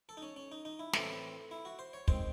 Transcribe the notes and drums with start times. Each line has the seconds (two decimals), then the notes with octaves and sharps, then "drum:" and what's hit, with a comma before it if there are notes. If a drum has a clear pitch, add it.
0.09 A4
0.17 D#4
0.22 C#4
0.36 C#4
0.52 D#4
0.65 D#4
0.79 E4
0.93 A2 E3 C4, drum: snare
1.51 E4
1.65 F#4
1.79 C5
1.93 C#5
2.08 D#3 G#3 C4 C5, drum: kick